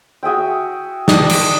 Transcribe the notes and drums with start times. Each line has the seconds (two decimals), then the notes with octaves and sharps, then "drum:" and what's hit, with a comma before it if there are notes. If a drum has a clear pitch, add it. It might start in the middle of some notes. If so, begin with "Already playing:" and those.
0.23 F#4 G#4 E5 G5
1.08 D4 D#5, drum: snare
1.29 drum: cymbal